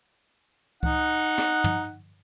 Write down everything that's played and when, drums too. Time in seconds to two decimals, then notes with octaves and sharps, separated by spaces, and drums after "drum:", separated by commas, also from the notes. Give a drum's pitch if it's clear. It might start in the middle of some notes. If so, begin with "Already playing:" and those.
0.83 D#4 F#5, drum: kick C#2
1.38 drum: snare
1.64 drum: tom